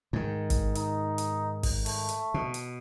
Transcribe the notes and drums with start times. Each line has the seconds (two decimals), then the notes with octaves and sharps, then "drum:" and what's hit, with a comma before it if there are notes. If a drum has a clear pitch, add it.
0.13 G#2 D#3
0.50 drum: kick, hi-hat
0.75 D#4, drum: hi-hat
1.18 drum: hi-hat
1.63 drum: kick, open hi-hat
1.86 A3, drum: open hi-hat
2.09 drum: hi-hat
2.34 B2
2.54 drum: hi-hat